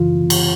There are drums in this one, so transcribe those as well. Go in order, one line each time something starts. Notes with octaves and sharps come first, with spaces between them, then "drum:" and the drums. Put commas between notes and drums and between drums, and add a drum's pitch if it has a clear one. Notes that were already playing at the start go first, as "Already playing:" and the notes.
Already playing: F#2 C#3 E3 F4
drum: cymbal